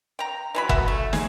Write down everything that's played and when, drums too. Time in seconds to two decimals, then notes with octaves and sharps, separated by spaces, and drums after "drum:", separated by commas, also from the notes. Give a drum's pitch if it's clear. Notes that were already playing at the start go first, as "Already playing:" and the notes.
0.19 G5 A#5
0.55 E3 F#3 B5
0.69 F#4 E5 F#5, drum: kick F#1
0.88 A3
1.13 G#4, drum: snare